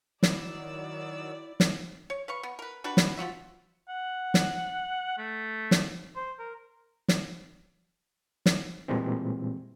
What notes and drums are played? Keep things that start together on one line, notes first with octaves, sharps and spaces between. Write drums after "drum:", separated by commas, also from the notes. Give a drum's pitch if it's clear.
D#3 F#3 E4 D5 E6, drum: snare
drum: snare
C#5
B4 F5 C#6
B3
A#4 B4
D4 F#4 G4 B4
drum: snare
F3 F4 F#4 E5
F#5
drum: snare
A3
drum: snare
C5
A#4
drum: snare
drum: snare
A#2 E3 G3 G#3 C4